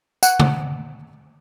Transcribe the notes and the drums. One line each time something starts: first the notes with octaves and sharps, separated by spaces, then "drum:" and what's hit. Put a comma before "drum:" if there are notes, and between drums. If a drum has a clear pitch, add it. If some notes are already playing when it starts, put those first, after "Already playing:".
F#5, drum: tambourine
drum: tom C#3